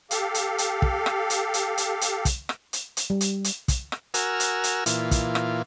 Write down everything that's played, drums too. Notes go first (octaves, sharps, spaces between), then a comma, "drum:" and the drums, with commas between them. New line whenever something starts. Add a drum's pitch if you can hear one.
G4 A4 F5, drum: hi-hat
drum: hi-hat
drum: hi-hat
drum: kick
drum: rim click
drum: hi-hat
drum: hi-hat
drum: hi-hat
drum: hi-hat
drum: kick, hi-hat
drum: rim click
drum: hi-hat
drum: hi-hat
G3
drum: hi-hat
drum: hi-hat
drum: kick, hi-hat
drum: rim click
F#4 A#4 G#5 E6 F6, drum: hi-hat
drum: hi-hat
drum: hi-hat
A#2 E3 F4, drum: hi-hat
drum: kick, hi-hat
drum: rim click